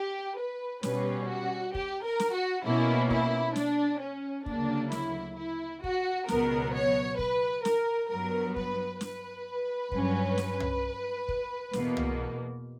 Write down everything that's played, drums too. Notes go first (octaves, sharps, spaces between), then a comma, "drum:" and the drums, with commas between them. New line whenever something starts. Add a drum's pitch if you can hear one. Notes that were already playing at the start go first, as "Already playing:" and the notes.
Already playing: G4
B4
B2 G3 C#4 B4, drum: snare
F#4
G4, drum: kick
A#4
drum: snare
F#4
B2 A#3 C#4 E4
E4, drum: kick
D4, drum: snare
C#4
D2 C#3 F#3 A#3 D4, drum: kick
E4, drum: snare
E4
F#4, drum: kick
C#2 B2 F#3 B3 A#4, drum: snare
C#5
B4, drum: kick
A#4, drum: snare
G2 F#3 B3 A#4
B4, drum: kick
B4, drum: snare
G2 F#3 C#4, drum: kick
drum: snare
drum: tom
drum: kick
E2 B2 A#3, drum: snare
drum: tom